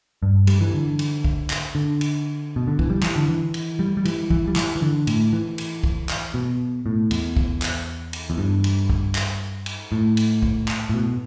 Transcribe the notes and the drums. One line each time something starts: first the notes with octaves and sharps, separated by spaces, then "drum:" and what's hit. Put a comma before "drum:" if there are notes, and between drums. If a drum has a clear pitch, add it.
G2
G3, drum: cymbal
E3
D3
drum: cymbal
drum: kick
drum: clap
D3
drum: cymbal
B2
D3
E3, drum: kick
G3
E3, drum: clap
D3
E3
drum: cymbal
G3
G3
E3, drum: cymbal
E3, drum: kick
G3
E3, drum: clap
E3
D3
A2, drum: cymbal
E3
drum: cymbal
drum: kick
drum: clap
B2
A2
E2, drum: cymbal
drum: kick
drum: clap
drum: cymbal
E2
G2
drum: cymbal
drum: kick
drum: clap
drum: cymbal
A2
drum: cymbal
drum: kick
drum: clap
A2
B2